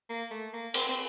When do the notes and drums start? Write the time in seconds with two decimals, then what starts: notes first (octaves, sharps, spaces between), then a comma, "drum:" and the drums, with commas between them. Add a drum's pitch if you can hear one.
0.10 A#3
0.31 A3
0.53 A#3
0.74 C4, drum: cymbal
0.88 C4